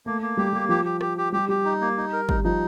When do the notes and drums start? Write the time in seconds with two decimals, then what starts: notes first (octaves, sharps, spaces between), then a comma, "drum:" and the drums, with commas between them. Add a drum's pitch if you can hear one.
0.06 A3 A#3
0.21 A#3
0.37 G3 G4
0.53 G3 A#3
0.69 F3 G4
0.85 G4
1.01 G4, drum: rim click
1.18 G4
1.32 G3 G4
1.49 G3 G4
1.65 D#4
1.81 A#3
1.97 D#4
2.13 A#4
2.29 G3 D#4, drum: kick
2.44 F3 D#4